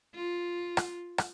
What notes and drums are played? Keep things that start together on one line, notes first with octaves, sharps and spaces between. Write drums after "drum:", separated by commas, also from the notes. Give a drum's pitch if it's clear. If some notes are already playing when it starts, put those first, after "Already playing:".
F4
drum: rim click
drum: rim click